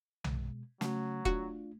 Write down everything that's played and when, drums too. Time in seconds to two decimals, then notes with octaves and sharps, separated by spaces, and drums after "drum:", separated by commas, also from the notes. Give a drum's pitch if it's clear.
0.24 B2 G#3, drum: tom B1
0.81 C#3 F#3 A3 C#4 F#4, drum: snare
1.25 D4 F4 F#4, drum: kick E1